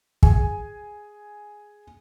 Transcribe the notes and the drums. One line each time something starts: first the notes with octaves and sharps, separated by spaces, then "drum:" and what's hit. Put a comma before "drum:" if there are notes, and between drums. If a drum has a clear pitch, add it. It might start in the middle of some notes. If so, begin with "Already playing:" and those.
G#4 G#5, drum: kick